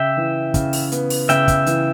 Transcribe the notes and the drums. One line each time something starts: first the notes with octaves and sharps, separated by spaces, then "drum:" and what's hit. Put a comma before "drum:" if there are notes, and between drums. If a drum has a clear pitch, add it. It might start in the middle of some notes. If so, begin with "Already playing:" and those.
Already playing: C#3 E5 G5
E3
C#3, drum: kick, hi-hat
drum: open hi-hat
B3, drum: hi-hat
drum: open hi-hat
C#3 E5 G5, drum: hi-hat
drum: kick, hi-hat
E3, drum: hi-hat